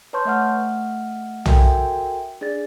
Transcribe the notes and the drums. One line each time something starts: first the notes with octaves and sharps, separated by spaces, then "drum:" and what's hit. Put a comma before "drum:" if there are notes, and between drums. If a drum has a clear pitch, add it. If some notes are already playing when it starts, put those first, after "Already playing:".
B4 C#5 A5 C6 C#6 G6
A3 E5 F#5 F6
F#4 A4 A#4 E5 G5 G#5, drum: tom B1
D4 G#4 D5 A6